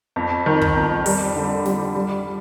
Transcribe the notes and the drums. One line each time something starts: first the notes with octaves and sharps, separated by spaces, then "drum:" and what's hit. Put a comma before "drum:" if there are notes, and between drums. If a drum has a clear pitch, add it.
F2
D#3
drum: kick
F2
G3, drum: open hi-hat
D3
G3, drum: snare
G3